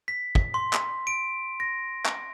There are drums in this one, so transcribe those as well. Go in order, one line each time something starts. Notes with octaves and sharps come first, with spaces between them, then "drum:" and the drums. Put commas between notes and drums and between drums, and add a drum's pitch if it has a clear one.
B6
drum: kick
C6
drum: clap
D7
A#6
drum: clap